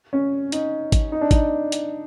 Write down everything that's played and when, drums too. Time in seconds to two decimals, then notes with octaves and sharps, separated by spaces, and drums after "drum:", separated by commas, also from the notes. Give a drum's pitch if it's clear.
0.13 C#4
0.52 D#4, drum: hi-hat
0.92 drum: kick G#1, hi-hat
1.12 D#4
1.21 D4
1.31 D#4, drum: kick G#1, hi-hat
1.72 drum: hi-hat